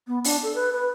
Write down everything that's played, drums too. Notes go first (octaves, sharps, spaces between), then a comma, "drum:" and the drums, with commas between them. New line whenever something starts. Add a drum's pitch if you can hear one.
B3
D4, drum: open hi-hat
A4
B4
B4